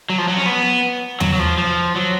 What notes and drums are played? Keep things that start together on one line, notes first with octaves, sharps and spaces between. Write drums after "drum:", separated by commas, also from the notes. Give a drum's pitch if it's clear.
F#3
F3
F#3
C#4
B3
F#3, drum: tom E2
F#3
F3
F3
F#3